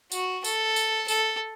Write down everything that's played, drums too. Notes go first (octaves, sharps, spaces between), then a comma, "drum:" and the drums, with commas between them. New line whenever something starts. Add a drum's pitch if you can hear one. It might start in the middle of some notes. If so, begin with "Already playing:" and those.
F#4, drum: tambourine
A4, drum: tambourine
drum: tambourine
A4, drum: tambourine